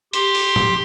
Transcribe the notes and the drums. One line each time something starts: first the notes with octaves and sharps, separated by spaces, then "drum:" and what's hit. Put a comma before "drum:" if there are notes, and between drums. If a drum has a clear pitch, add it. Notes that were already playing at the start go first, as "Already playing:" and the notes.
G4 C6, drum: hi-hat
drum: open hi-hat
drum: tom A2